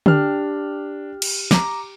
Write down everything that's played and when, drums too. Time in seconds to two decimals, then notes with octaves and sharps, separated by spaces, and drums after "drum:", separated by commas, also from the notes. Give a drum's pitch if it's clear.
0.06 D4 G4 F6, drum: tom D3
1.22 drum: cymbal
1.51 A#5 D6, drum: snare